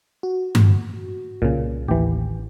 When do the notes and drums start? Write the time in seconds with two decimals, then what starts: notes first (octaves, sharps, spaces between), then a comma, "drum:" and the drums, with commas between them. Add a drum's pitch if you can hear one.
0.23 F#4
0.55 drum: tom G2
1.42 C2 A#2 C#3
1.88 A1 D#2 E3 G4